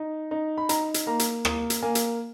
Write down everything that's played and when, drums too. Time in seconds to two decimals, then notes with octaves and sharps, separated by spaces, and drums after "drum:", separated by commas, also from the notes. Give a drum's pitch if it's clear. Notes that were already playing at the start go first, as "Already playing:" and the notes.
Already playing: D#4
0.31 D#4
0.57 B5
0.69 D#4 A#5, drum: hi-hat
0.94 drum: hi-hat
1.07 A#3 A#5
1.19 drum: hi-hat
1.45 A#3 D#6, drum: rim click
1.70 drum: hi-hat
1.82 A#3 G#5
1.95 drum: hi-hat